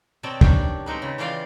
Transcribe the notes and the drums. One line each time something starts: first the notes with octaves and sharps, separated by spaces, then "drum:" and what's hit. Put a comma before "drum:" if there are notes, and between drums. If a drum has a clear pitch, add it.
B2 B3 C4 C#5 D5 A5
D#3 C#4 D4 G4, drum: kick
G#3 C4 D#4 B4
C#3
C#3 E3 F4 D5 F5 G5